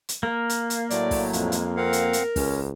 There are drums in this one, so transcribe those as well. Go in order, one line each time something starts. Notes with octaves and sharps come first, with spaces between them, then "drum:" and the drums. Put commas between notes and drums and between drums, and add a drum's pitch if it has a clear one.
drum: hi-hat
A#3
drum: hi-hat
drum: hi-hat
A2 F#3 A3 D5, drum: hi-hat
drum: kick, open hi-hat
F2 G#3, drum: hi-hat
drum: hi-hat
C4 A#4 F5 F#5
drum: hi-hat
drum: hi-hat
C#2 C#4, drum: kick, open hi-hat